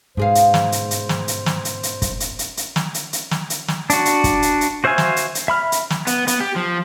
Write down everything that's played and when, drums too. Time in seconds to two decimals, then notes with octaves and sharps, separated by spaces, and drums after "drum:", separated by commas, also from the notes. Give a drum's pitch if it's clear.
0.17 G#2 B2 G#4 C5 F5
0.35 drum: hi-hat
0.54 drum: snare
0.72 drum: hi-hat
0.91 drum: hi-hat
1.09 drum: snare
1.28 drum: hi-hat
1.46 drum: snare
1.65 drum: hi-hat
1.83 drum: hi-hat
2.02 drum: kick, hi-hat
2.20 drum: hi-hat
2.39 drum: hi-hat
2.57 drum: hi-hat
2.76 drum: snare
2.94 drum: hi-hat
3.13 drum: hi-hat
3.31 drum: snare
3.50 drum: hi-hat
3.68 drum: snare
3.90 D4 F#4, drum: hi-hat
4.05 drum: hi-hat
4.24 drum: kick, hi-hat
4.42 drum: hi-hat
4.61 drum: hi-hat
4.84 F#4 C5 E5 F5 G#5
4.98 drum: snare
5.16 drum: hi-hat
5.35 drum: hi-hat
5.48 E5 B5 F6
5.72 drum: hi-hat
5.90 drum: snare
6.07 B3, drum: hi-hat
6.27 B3, drum: hi-hat
6.40 G4
6.56 F3